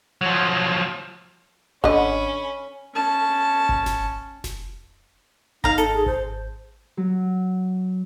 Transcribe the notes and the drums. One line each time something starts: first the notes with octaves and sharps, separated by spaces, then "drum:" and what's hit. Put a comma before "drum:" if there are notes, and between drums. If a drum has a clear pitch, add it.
F3 F#3
D3 C#4 D#5 B5, drum: kick G#1
C#4 A5
drum: kick G#1
drum: snare F1
drum: snare F1
D#4 F5 A#5, drum: kick G#1
A4, drum: hi-hat
G#4
C5, drum: kick G#1
F#3